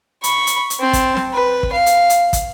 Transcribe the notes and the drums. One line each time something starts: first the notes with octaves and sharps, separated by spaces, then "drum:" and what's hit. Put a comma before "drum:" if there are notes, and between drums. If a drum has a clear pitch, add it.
B5 C#6, drum: hi-hat
drum: hi-hat
drum: hi-hat
C4 A5
drum: kick, hi-hat
drum: snare
B4
drum: kick
F5
drum: hi-hat
drum: hi-hat
drum: kick, hi-hat